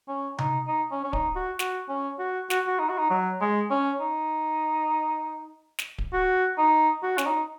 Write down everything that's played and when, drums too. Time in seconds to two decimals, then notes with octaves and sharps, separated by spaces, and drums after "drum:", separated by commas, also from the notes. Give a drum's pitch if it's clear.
0.08 C#4
0.38 D#4, drum: tom C3
0.68 D#4
0.91 C#4
1.04 C#4
1.13 D#4, drum: kick D1
1.36 F#4
1.59 F#4, drum: snare
1.89 C#4
2.19 F#4
2.50 F#4, drum: snare
2.67 F#4
2.79 D#4
2.89 F#4
2.98 D#4
3.10 F#3
3.41 G#3
3.70 C#4
4.01 D#4
5.79 drum: snare
5.98 drum: kick D1
6.13 F#4
6.58 D#4
7.03 F#4
7.18 C#4, drum: snare
7.26 D#4